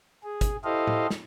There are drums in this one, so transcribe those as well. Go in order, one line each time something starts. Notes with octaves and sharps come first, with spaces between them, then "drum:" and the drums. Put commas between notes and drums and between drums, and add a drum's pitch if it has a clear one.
G#4
drum: kick, hi-hat
E4 G4 A4 C5 D#5 F5
drum: tom A2
drum: snare